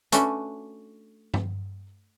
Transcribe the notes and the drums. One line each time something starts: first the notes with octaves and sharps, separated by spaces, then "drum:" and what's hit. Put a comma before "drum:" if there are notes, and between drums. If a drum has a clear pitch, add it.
A3 C#4 D4 F#4 B4, drum: hi-hat
drum: tom